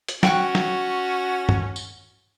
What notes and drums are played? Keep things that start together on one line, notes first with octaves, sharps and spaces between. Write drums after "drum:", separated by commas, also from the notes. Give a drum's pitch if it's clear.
drum: hi-hat
C#4 F#4 G5 C#6 F#6, drum: snare
drum: snare
drum: tom
drum: tambourine